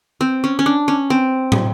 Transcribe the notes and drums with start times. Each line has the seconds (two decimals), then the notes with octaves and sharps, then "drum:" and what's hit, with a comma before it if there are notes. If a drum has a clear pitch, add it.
0.21 C4
0.44 C#4
0.59 C#4
0.66 D4
0.88 C#4
1.10 C4
1.52 drum: tom